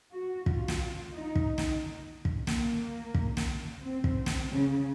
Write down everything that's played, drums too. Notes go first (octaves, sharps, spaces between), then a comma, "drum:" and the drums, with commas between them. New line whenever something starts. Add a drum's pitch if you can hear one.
F#4
F4, drum: kick
drum: snare
D#4
drum: kick
drum: snare
drum: kick
A#3, drum: snare
drum: kick
drum: snare
C4
drum: kick
drum: snare
C#3